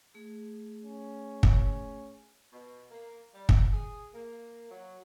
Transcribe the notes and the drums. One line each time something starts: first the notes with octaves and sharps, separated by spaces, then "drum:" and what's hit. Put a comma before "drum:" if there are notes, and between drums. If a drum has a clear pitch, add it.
A3 G#4
C#4
drum: kick
B2
A#3
G3
drum: kick
G#4
A#3
F#3